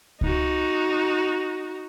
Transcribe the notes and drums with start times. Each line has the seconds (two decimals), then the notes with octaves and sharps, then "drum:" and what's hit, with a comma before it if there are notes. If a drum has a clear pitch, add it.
0.21 D#4 F#4, drum: kick C#2